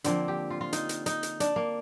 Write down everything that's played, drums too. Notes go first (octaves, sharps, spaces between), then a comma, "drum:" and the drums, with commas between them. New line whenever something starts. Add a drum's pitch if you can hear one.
D3 F3 A#3 C4, drum: hi-hat
G4
F4
F4
D#4, drum: hi-hat
drum: hi-hat
D#4, drum: hi-hat
drum: hi-hat
D4, drum: hi-hat
A#3